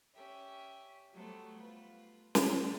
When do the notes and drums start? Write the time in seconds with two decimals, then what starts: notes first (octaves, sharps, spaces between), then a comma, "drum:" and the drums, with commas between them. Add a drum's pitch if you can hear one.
0.14 C#4 G4 E5
1.13 F#3 G3 A3 B3 A4 C5
1.58 F4 B4
2.35 B3 C4 D5 E5 G5, drum: snare